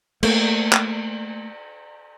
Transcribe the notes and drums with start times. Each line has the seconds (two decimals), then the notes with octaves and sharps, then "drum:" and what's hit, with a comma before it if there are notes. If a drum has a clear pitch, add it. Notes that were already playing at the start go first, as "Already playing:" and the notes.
0.23 A3 A#3, drum: cymbal
0.73 drum: clap